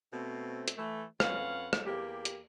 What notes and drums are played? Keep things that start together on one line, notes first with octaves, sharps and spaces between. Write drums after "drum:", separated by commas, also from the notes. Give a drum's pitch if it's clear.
B2 A3 C4
drum: hi-hat
E3 A3
F2 C#4 B4 F5 F#5, drum: rim click
drum: rim click
E2 A#3 G4
drum: hi-hat